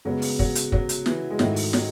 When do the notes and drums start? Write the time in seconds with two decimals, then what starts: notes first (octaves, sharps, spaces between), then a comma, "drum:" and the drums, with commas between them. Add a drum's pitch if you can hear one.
0.05 C#3 F#3 G#3 B3
0.22 drum: open hi-hat
0.39 F#3, drum: kick
0.55 drum: hi-hat
0.72 F#3, drum: kick
0.89 drum: hi-hat
1.06 E3, drum: snare
1.31 G#3
1.39 G#2 D#3 F#3 A3 E4, drum: snare
1.56 drum: open hi-hat
1.73 F#3, drum: snare